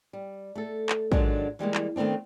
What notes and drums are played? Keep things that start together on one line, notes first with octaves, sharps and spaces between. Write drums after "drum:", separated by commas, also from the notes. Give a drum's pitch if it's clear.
G3
A3 A4
drum: clap
G#2 D3 D#3 F#3 D4 F4, drum: kick
E3 G3 G#3 A#3
drum: clap
D#3 A3 B3 C4 D4